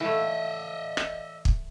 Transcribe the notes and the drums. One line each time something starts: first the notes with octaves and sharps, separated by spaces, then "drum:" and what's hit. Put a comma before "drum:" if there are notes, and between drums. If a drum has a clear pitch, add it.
E3 A3 D#5 E5
drum: rim click
drum: kick